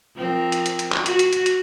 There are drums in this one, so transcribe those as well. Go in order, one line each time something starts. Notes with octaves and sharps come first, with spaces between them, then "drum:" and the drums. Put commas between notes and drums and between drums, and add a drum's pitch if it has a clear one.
F3 C4 A#4
drum: hi-hat
drum: hi-hat
drum: hi-hat
drum: clap
F#4, drum: hi-hat
drum: hi-hat
drum: hi-hat
drum: hi-hat